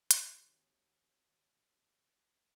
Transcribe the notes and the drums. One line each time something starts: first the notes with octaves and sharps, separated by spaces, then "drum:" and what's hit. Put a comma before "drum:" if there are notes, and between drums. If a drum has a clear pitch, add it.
G#1 D#2 F#3, drum: hi-hat